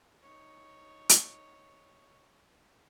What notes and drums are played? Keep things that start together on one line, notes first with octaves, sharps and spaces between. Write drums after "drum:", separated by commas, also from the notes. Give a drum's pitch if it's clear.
D#4 C#5
drum: hi-hat